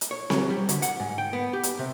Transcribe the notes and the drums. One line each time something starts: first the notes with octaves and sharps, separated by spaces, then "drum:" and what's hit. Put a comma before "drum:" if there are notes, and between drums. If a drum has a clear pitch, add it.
drum: hi-hat
C#5
F#3, drum: snare C4
G3
D3, drum: hi-hat
F#5, drum: hi-hat
G#2
G5
B3
G4
drum: hi-hat
C3